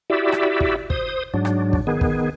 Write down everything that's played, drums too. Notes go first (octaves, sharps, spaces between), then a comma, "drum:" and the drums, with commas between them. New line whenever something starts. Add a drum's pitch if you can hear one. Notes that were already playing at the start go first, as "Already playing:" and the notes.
E4 F#4 G4 D5 E5
drum: rim click
drum: kick
C5 D#6, drum: kick
G#2 F#3 D4
drum: rim click
drum: kick
D#3 B3 G#4
drum: kick